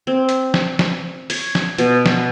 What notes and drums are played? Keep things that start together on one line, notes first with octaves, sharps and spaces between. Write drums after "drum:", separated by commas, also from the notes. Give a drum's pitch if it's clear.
C4
drum: hi-hat
drum: snare
drum: snare
C#5, drum: open hi-hat
drum: snare
B2, drum: hi-hat
drum: snare